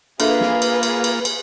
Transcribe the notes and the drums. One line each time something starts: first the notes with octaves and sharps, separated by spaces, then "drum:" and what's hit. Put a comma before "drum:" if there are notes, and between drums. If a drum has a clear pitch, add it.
A#3 D4 F4 G#4 A4 B4 E5 F5, drum: cymbal
drum: snare
drum: cymbal
drum: cymbal
drum: cymbal
drum: cymbal